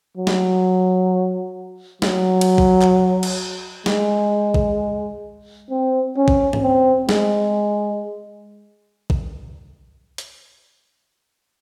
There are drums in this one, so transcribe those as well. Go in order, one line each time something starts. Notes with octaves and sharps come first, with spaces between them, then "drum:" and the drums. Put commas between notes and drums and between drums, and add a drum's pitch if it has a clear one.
F#3
drum: snare
F#3, drum: snare
drum: cymbal
drum: kick
drum: clap
drum: cymbal
G#3, drum: snare
drum: kick
C4
C#4
drum: kick
drum: tom G#2
C4
G#3, drum: snare
drum: kick
drum: hi-hat